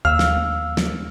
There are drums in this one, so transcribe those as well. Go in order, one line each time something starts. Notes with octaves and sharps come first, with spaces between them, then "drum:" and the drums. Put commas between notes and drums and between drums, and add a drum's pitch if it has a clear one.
D#2 F5 E6 F6
drum: snare
drum: snare